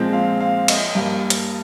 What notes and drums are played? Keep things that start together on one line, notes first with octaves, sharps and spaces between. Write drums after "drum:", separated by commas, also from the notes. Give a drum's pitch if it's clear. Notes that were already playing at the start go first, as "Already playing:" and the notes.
Already playing: A#2 F3 G#3 C4
F5
F5
D#5, drum: cymbal
G2 G3 A#3
drum: hi-hat